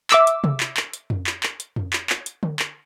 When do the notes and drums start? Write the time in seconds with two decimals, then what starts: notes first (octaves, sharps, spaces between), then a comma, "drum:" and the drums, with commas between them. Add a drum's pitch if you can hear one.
0.11 E5 D6 E6, drum: clap
0.27 drum: hi-hat
0.44 drum: tom C3
0.60 drum: clap
0.77 drum: clap
0.93 drum: hi-hat
1.10 drum: tom F2
1.27 drum: clap
1.43 drum: clap
1.60 drum: hi-hat
1.76 drum: tom F2
1.93 drum: clap
2.10 drum: clap
2.26 drum: hi-hat
2.43 drum: tom D3
2.59 drum: clap